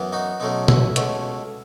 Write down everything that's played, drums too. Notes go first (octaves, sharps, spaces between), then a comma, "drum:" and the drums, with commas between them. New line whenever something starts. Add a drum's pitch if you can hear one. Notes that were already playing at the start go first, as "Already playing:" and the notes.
Already playing: F#2 E3 B3
D#4 F#4
B1 B2 A3 C#4 D#4
E4, drum: tom B2
C#2 B2 A3 C#4, drum: hi-hat